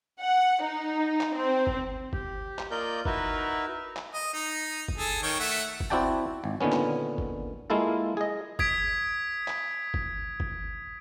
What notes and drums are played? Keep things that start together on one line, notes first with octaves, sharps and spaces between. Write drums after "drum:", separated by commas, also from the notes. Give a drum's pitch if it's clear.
F#5
D#4
drum: clap
C4
drum: kick
G4, drum: kick
drum: clap
A#3 F4 A#4 D5 D#5 G6
D#4 E4 F#4 A#4 B4 E5, drum: kick
drum: clap
D#5
D#4
drum: kick
G#4 A4
D#3 C#5 G5
A3 E5 F#5
drum: kick
C4 E4 F#4 D5 G5 A5
G#1
A#2 D3 D#3 B3 C#4
drum: clap
drum: kick
G#3 A#3 E4 F4 A4
G#4 D#5
D#6 G#6 B6 D7, drum: kick
drum: clap
drum: kick
drum: kick